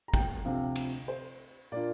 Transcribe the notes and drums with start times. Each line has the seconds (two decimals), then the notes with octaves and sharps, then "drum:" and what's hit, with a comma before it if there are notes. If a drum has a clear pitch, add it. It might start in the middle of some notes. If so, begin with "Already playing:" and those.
0.08 A#5
0.14 G5, drum: kick
0.45 D2 C3 F3 C4 F5
0.76 drum: cymbal
1.08 C5
1.72 A#2 A#3 D4 F4 D5